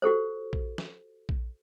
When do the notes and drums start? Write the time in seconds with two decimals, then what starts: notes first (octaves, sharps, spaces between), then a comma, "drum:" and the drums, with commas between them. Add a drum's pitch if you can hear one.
0.02 F#4 G4 A4 C5
0.53 drum: kick A#1
0.78 drum: snare
1.29 drum: kick A#1